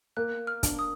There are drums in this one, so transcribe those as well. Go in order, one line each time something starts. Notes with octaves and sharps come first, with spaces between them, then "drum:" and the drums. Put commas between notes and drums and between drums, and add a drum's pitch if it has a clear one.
A#3 F#6
F6
D4, drum: kick, hi-hat
D#6